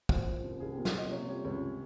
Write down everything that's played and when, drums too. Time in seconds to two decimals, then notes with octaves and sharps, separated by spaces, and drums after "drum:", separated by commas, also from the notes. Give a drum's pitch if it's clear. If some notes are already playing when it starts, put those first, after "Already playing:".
0.09 A#2 C5, drum: kick
0.26 F3
0.43 C2
0.60 C2 G#4
0.72 G4
0.78 A#2
0.85 F4, drum: snare
0.94 F3 D#5
1.11 C3 C#5
1.27 G3 C#5
1.45 C#2 C#5